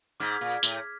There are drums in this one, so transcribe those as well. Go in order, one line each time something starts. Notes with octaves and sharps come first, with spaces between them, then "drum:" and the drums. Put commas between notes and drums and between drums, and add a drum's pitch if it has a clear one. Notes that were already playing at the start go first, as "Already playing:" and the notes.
G#2 D6 F6 G#6 B6
A#2
A2, drum: tambourine